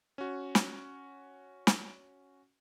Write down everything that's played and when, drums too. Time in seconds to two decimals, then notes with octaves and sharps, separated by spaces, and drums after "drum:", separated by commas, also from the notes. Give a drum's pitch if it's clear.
0.18 C#4 F#4
0.55 drum: snare
1.67 drum: snare